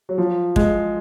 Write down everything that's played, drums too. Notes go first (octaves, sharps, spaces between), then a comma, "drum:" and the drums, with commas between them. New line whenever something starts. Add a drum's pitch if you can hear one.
F#3
F3
G#3, drum: kick